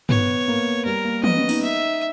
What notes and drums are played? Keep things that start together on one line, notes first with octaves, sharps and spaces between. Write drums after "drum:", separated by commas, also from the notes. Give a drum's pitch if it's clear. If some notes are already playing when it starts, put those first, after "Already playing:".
B3 C#5, drum: tom G2
A#3
G3 A#4
A#3
B3 D#5, drum: tom E3
C#4
D#4, drum: open hi-hat
E5